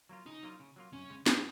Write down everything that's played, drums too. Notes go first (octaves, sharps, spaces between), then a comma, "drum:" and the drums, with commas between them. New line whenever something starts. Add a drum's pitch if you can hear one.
F#3 A#3 F4
C#3 D#4
F#3 A#3 F4
C#3
F#3 A#3 F4
F#2 C#4
C#3 G#3
F#2, drum: snare